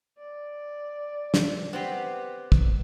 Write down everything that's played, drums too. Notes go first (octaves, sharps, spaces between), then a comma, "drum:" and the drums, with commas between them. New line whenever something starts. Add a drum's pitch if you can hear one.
D5
drum: snare
B3 C4 G4
drum: kick